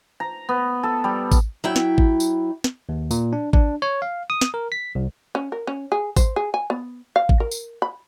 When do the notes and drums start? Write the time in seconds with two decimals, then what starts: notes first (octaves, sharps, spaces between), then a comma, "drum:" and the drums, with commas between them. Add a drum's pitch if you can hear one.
0.20 A#5
0.49 B3
0.83 A4
1.04 G3
1.31 drum: kick A1, tambourine
1.64 F#3 E4 G5
1.76 drum: snare
1.98 drum: kick A1
2.20 drum: tambourine
2.64 drum: snare
2.89 D#2
3.11 A#2, drum: tambourine
3.33 D4
3.53 D4, drum: kick A1
3.82 C#5
4.02 F5
4.30 D#6
4.41 drum: snare
4.54 A#4
4.72 B6
4.95 C2
5.35 C#4
5.52 A#4
5.67 C#4
5.92 G#4
6.16 C5, drum: kick A1, tambourine
6.36 G#4
6.54 G#5
6.70 B3
7.16 F5
7.29 drum: kick A1
7.40 A#4
7.51 drum: tambourine
7.82 B5